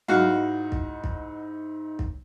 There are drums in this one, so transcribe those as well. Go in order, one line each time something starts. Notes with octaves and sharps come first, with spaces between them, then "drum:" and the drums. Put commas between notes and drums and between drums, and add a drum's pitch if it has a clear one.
G#2 D#4 E4 F#4 F5, drum: tom F#3
drum: kick
drum: kick
drum: kick